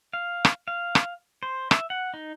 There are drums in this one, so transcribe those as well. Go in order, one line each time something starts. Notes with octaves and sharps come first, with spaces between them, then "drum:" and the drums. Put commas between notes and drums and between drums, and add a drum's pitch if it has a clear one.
F5
drum: rim click
F5
drum: rim click
C5
E5, drum: rim click
F#5
D#4